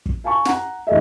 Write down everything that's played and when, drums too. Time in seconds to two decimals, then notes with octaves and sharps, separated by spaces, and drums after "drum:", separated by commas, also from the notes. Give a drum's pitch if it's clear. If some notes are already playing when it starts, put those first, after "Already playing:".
0.06 drum: kick
0.24 F5 G#5 A5 C#6
0.45 F#5 A#5, drum: snare
0.87 E2 A2 C#3 A4 D#5 E5